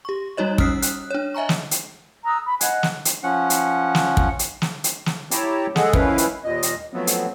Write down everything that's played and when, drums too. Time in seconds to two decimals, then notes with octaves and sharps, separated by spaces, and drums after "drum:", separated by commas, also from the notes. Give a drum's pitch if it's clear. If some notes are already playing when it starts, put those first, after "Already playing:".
0.05 G4 C#6
0.37 G3 D#4 F#4 C#5 D#5
0.58 C#4 D#6 F6 F#6 B6 C7, drum: kick
0.82 F#6, drum: hi-hat
1.11 D4 C#5
1.34 D#5 E5 G#5 A#5 C#6
1.49 drum: snare
1.71 drum: hi-hat
2.25 A#5 D#6 E6 F#6
2.46 B5
2.61 D#5 F#5 G#5 F#6, drum: hi-hat
2.83 drum: snare
3.05 drum: hi-hat
3.23 F3 C#4 F#5
3.50 drum: hi-hat
3.95 drum: snare
4.17 drum: kick
4.39 drum: hi-hat
4.62 drum: snare
4.84 drum: hi-hat
5.06 drum: snare
5.31 E4 G4 C#5 G5 A5 A#5, drum: hi-hat
5.76 G#3 G#4 A4 F#5 F#6, drum: snare
5.93 D#3 F3 C#4 E4 B4 F5, drum: kick
6.18 drum: hi-hat
6.44 D#2 A#2 D#5
6.63 drum: hi-hat
6.94 F3 F#3 A3 B3 C4
7.07 drum: hi-hat